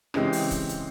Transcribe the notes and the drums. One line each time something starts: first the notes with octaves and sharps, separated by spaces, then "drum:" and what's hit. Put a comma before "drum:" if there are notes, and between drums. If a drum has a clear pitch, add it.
C#3 E3 G#3 C4 G4, drum: rim click
drum: open hi-hat
drum: kick C#1, hi-hat
drum: hi-hat